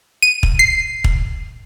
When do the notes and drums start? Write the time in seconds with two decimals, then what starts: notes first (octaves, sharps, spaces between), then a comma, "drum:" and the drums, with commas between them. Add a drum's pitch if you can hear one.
0.22 D#7
0.43 drum: kick
0.59 C7
1.04 drum: kick